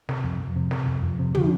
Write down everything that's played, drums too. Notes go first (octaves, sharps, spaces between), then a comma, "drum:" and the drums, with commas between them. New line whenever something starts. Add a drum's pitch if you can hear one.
C3, drum: snare
F2
F2
C3
C3, drum: snare
F2
F2
C3
D3 F3, drum: tom